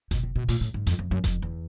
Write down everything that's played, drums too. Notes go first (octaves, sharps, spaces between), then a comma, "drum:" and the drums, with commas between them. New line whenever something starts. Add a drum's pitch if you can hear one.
B2, drum: kick F1, hi-hat
C3
B2
A#2, drum: open hi-hat
A2
G#2
F2, drum: hi-hat
F2
F#2
F2, drum: kick F1, hi-hat
E2